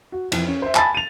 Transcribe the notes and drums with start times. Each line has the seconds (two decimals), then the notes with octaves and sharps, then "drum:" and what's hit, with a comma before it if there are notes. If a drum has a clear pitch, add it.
0.12 F#4
0.32 F2 E3, drum: cymbal
0.48 C#4
0.62 C5 E5
0.75 G#5 A5 B5 A6, drum: clap
0.95 D#7 F7